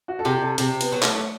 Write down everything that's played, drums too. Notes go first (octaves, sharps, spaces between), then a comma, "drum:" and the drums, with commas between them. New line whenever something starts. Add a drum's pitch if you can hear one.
F#4
A4
C3 G4
A4
C3 C4, drum: hi-hat
B3, drum: hi-hat
F#3
A3, drum: clap